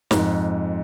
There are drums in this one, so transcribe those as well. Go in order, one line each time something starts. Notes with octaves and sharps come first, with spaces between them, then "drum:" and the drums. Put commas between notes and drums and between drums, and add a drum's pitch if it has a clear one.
F2 G#2, drum: snare